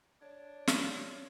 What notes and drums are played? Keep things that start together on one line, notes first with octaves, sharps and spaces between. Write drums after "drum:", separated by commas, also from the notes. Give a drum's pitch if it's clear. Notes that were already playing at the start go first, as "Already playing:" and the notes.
D4 C#5
drum: snare